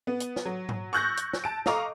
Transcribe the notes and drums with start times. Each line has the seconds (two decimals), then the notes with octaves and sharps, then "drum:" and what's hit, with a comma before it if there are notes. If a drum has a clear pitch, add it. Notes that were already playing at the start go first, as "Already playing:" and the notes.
0.07 B3
0.20 drum: hi-hat
0.36 drum: snare
0.45 F#3
0.69 drum: tom G#2
0.93 C#6 E6 F#6 G6 A6 A#6
1.17 drum: hi-hat
1.33 drum: snare
1.44 A5 D7
1.66 A4 D#5 F5 A#5 C#6 D6, drum: snare